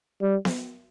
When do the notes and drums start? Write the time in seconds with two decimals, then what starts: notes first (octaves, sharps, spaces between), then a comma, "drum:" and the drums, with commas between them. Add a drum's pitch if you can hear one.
0.22 G3
0.45 drum: snare B3